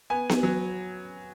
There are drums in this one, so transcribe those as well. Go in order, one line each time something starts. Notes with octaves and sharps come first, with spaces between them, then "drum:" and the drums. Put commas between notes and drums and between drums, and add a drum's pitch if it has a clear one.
B3 G#5
drum: snare B3
F#3